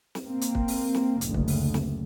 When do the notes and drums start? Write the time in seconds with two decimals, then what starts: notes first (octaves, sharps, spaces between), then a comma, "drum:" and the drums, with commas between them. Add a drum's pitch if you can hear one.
0.15 drum: snare
0.25 A#3 C4
0.41 drum: hi-hat
0.55 drum: kick
0.68 drum: open hi-hat
0.95 drum: snare
1.21 F#1 D2, drum: hi-hat
1.34 drum: kick
1.48 drum: open hi-hat
1.74 drum: snare